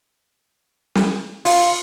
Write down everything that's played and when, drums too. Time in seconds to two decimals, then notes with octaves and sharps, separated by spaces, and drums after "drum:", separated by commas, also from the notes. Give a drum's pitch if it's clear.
0.95 drum: snare
1.45 F4, drum: open hi-hat